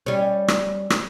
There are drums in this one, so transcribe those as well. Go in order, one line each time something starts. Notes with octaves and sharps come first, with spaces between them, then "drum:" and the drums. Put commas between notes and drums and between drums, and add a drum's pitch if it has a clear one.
G3 C#4
drum: rim click
drum: rim click